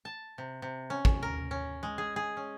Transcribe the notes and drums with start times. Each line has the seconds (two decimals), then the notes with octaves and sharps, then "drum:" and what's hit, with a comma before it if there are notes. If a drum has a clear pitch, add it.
0.05 A5
0.38 C3
0.62 C3
0.90 C#4
1.05 drum: kick
1.23 A#4
1.51 C#4
1.83 G#3
1.98 G#4
2.16 G#4
2.37 C#4